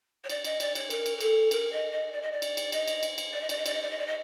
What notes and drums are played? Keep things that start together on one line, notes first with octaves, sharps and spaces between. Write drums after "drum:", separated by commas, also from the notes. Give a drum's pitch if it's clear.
C#5
D5, drum: cymbal
D#5, drum: cymbal
D5, drum: cymbal
C#5, drum: cymbal
A#4, drum: cymbal
drum: cymbal
A#4
A4, drum: cymbal
A#4, drum: cymbal
D#5
D#5
D5
D#5
D5
drum: cymbal
drum: cymbal
D#5, drum: cymbal
drum: cymbal
drum: cymbal
drum: cymbal
D5
D#5
D5, drum: cymbal
D#5
D5, drum: cymbal
D#5
D5
D#5
D5
D#5